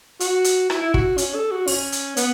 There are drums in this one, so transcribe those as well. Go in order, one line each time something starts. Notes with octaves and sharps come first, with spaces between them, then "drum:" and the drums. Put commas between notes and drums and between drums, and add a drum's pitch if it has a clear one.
F#4, drum: hi-hat
drum: hi-hat
E4, drum: rim click
E4
F#4, drum: kick
C#4, drum: hi-hat
A4
F#4
C#4, drum: open hi-hat
drum: hi-hat
B3, drum: hi-hat